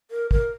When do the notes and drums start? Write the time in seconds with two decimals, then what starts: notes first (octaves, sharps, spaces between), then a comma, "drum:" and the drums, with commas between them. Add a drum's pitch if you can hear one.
0.11 A#4
0.31 A#4, drum: kick